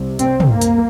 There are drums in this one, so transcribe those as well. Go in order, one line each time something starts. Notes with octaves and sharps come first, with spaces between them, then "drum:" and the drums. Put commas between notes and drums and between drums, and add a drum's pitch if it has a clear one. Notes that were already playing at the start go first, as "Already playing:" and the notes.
Already playing: C2 C3
C4, drum: hi-hat
drum: tom
A#3
drum: hi-hat